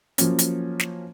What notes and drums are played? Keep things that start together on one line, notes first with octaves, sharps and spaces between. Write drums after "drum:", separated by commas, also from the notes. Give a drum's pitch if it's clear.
F3 F#3 A#3 C#4, drum: hi-hat
drum: hi-hat
drum: snare